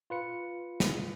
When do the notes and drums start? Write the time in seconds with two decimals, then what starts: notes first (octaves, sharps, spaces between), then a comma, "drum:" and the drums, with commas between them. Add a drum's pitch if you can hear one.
0.10 F4 B4 C#7
0.80 drum: snare